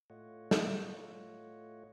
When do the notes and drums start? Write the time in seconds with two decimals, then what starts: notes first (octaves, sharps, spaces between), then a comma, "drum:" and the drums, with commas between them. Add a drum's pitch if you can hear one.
0.10 A2 A3 F4 C#5 D#5 F#5
0.51 drum: snare